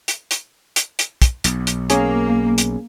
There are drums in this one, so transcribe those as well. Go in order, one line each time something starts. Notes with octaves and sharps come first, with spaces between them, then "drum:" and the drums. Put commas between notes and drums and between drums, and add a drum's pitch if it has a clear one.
drum: hi-hat
drum: hi-hat
drum: hi-hat
drum: hi-hat
drum: kick, hi-hat
B1, drum: hi-hat
drum: hi-hat
A#3 C#4 G#4 G#5, drum: hi-hat
drum: hi-hat